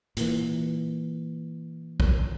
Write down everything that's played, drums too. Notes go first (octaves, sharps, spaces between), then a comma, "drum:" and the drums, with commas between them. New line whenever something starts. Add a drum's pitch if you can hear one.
A#2 E3, drum: hi-hat
drum: kick